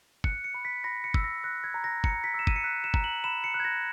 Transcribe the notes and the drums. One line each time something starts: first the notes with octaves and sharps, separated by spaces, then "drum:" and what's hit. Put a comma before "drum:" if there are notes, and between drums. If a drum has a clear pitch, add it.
F#6 C#7, drum: kick
C#7
B5
B6
B5 A#6
C#7
E6, drum: kick
A#6
F#6 A#6
G#6
A#5
A#6
A#5 C#7, drum: kick
B6
E6 E7
D#7, drum: kick
C#7
F#6 B6
E7
A#5, drum: kick
F#7
B5 E7
C#7
F#6
G#6
A#6